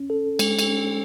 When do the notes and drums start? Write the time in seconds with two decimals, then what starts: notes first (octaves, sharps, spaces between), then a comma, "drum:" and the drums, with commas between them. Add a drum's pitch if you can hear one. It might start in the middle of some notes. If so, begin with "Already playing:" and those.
Already playing: C#4
0.10 A4
0.39 G#3, drum: cymbal
0.59 drum: cymbal
0.68 C#4